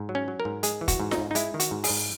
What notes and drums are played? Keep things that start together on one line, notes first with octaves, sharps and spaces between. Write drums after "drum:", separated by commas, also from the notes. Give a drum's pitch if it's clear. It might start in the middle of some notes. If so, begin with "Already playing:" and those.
Already playing: G#2
F#3
C#4
F#3
A#4
G#2
G#3 G#4, drum: hi-hat
E3
F#4, drum: kick, hi-hat
G#2
D#4, drum: snare F4
G#2
D#4
G#3 E4, drum: hi-hat
D#3
F#4, drum: hi-hat
G#2
G#4, drum: open hi-hat
G#2